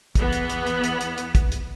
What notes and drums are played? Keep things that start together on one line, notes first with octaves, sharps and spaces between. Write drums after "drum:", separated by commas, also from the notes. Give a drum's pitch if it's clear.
E2 E3 B3, drum: kick, hi-hat
drum: hi-hat
drum: hi-hat
drum: hi-hat
drum: hi-hat
drum: hi-hat
drum: hi-hat
drum: kick, hi-hat
drum: hi-hat